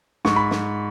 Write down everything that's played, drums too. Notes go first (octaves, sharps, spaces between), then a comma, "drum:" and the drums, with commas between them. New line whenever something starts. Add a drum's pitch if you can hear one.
G#2 C#6, drum: snare
B5
drum: snare